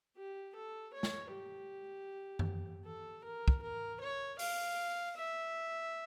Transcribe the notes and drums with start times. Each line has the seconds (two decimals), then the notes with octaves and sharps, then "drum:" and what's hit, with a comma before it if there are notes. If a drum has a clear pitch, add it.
0.17 G4
0.55 A4
0.94 C#5
1.03 drum: snare
1.32 G4
2.39 drum: tom F#2
2.85 A4
3.24 A#4
3.48 drum: kick
3.62 A#4
4.00 C#5
4.39 F5, drum: open hi-hat
5.16 E5